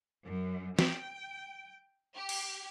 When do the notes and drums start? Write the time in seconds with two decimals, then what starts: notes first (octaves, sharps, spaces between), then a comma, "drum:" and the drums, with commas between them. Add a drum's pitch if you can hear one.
0.24 F#2
0.79 G5, drum: snare
2.16 G4
2.29 drum: cymbal